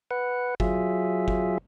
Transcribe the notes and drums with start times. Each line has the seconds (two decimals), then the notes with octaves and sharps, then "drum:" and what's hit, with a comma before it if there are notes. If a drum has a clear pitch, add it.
0.11 B4 F#5
0.60 F#3 F4 G#4 E5, drum: kick
1.28 drum: kick